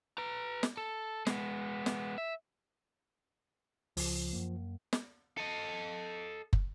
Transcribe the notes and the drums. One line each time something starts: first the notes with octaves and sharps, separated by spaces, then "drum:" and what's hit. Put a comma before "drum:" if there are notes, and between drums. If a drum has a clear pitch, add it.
B4 A#5
drum: snare
A4
G#3 B3, drum: snare
drum: snare
E5
C#2 F3, drum: open hi-hat
F#2 A#3
drum: snare
A4 D#5
drum: kick